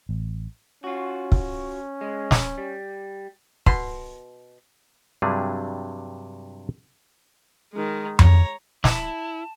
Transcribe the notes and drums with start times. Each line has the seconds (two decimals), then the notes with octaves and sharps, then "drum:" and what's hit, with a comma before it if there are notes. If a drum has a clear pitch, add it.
0.09 A1
0.84 C#4 F4 F#4
1.32 drum: kick
2.01 G#3
2.31 drum: snare
2.58 G3
3.66 B2 C6, drum: kick
5.22 G2 C3 F#3 G3 D4 G#4
7.73 D#3 G#3
8.19 C#5 A#5, drum: tom F2
8.84 E4 A5, drum: snare